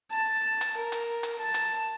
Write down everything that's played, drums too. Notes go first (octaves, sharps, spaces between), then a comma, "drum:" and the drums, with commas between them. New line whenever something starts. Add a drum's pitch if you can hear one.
A5
drum: hi-hat
A#4
drum: hi-hat
drum: hi-hat
A5
drum: hi-hat